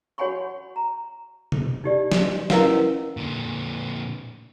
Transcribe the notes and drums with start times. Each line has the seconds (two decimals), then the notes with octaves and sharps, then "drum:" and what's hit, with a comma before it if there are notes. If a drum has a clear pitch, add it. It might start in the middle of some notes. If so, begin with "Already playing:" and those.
0.18 F#4 C#5 F#5 G#5 B5 C#6
0.76 A#5
1.52 drum: tom B2
1.84 D#4 G4 D5
2.12 drum: snare
2.50 C#4 E4 A#4 B4 F5 F#5, drum: snare
3.17 A#2 D3